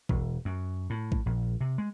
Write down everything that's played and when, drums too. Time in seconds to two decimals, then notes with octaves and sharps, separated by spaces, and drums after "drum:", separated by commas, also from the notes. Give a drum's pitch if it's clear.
0.09 E1, drum: kick A1
0.45 F#2
0.90 A2
1.12 drum: kick A1
1.26 A#1
1.61 C3
1.78 G#3